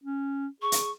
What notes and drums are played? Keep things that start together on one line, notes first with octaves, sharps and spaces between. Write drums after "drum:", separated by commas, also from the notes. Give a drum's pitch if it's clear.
C#4
G#4 C#6
drum: hi-hat